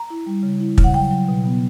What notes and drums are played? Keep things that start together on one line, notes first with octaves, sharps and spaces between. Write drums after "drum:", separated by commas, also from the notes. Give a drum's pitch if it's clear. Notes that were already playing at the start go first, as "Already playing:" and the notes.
Already playing: A#5
E4
G3
C#3
E4
C#3, drum: kick
F#5
F#3 G5
F#3
B2
B3